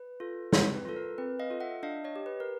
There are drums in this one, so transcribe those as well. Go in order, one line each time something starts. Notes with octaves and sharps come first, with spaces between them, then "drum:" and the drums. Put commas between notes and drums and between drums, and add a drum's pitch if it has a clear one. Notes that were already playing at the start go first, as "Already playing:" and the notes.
Already playing: B4
F4 A4
C4, drum: snare
B4
F4 A4
A#4
C4 B4
D#5 F5
F4 A4
E5 F#5
D4 D#5 F5
C#5 D#5
G4
B4
A#4